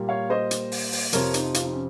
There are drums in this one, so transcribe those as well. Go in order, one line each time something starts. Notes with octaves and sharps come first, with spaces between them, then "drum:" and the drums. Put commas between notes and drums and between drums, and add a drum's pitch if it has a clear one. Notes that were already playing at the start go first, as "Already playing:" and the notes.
Already playing: A#2 G3 A#3
C#5 F5
C5 D#5
drum: hi-hat
drum: open hi-hat
drum: open hi-hat
F2 C3 F3 C4 A#4 C#5, drum: hi-hat
D#4, drum: hi-hat
F4, drum: hi-hat
D#4
C#4